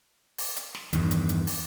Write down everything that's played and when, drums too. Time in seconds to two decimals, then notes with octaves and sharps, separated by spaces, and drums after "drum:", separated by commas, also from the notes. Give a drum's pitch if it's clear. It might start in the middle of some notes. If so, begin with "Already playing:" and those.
0.38 drum: open hi-hat
0.56 drum: hi-hat
0.75 drum: snare
0.93 E2 G2 D#3, drum: hi-hat
1.11 drum: hi-hat
1.29 drum: hi-hat
1.47 drum: open hi-hat